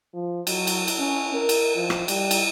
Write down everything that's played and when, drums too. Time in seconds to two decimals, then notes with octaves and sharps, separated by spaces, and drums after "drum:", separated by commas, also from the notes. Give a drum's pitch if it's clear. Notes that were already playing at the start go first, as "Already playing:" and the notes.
0.14 F3
0.47 F#3, drum: cymbal
0.67 drum: cymbal
0.88 drum: cymbal
0.99 C#4
1.34 A#4
1.49 drum: cymbal
1.75 F3
1.90 drum: rim click
2.08 G3, drum: cymbal
2.31 drum: cymbal